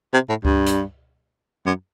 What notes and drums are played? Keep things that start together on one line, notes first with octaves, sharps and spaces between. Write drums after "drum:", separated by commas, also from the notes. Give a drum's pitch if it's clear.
C3
A2
G2, drum: kick C#2
drum: hi-hat
F#2